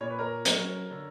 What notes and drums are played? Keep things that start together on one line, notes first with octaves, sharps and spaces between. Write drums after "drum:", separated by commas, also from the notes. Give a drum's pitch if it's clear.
A#2 C#5
B4
A#4 C#5
F#3 C#4, drum: hi-hat
D3